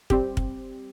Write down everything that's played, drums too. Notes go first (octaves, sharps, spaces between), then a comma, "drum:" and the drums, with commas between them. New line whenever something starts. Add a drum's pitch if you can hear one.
G3 C4 G4, drum: kick
drum: kick